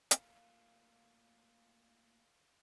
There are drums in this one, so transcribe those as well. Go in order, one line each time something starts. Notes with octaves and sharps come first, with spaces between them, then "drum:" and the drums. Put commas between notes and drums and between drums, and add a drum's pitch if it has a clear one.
A3 A#3 F4 F5, drum: hi-hat